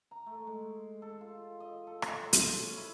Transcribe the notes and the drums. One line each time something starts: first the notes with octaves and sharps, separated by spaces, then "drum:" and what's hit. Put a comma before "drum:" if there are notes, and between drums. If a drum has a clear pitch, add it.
A#5
A3
G#3
A4
F4
D#5
A4
C5, drum: rim click
drum: hi-hat
C#4
E4